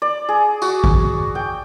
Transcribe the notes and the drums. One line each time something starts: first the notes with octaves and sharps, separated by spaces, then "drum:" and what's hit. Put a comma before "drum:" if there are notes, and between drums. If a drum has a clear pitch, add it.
D5
G#4
F#4, drum: tambourine
drum: kick G#1
G5